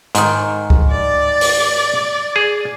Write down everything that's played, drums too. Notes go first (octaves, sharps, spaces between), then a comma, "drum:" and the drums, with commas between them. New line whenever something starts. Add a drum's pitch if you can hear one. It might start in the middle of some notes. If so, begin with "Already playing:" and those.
G#2 D#3, drum: hi-hat
drum: kick C#2
D5
drum: open hi-hat
G#4